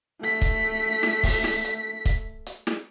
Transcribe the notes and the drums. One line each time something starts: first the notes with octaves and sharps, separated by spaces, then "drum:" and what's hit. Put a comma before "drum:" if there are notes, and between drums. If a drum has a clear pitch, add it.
A3 B6
drum: kick, hi-hat
drum: snare
drum: kick, open hi-hat
drum: snare
drum: hi-hat
drum: kick, hi-hat
drum: hi-hat
drum: snare